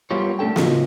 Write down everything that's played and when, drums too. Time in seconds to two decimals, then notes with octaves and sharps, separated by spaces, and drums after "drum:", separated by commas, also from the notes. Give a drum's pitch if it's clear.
0.11 G3 A#3 B3 F4 G4 C#5
0.39 A3 C#4 D4 A4 G5
0.56 A2 C#3 A3 A#3 D#4 F4, drum: snare